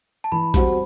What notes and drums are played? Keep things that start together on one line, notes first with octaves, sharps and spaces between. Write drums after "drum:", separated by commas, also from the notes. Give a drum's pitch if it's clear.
A5
E3 B5
G3 C4 F#4 C5, drum: kick, hi-hat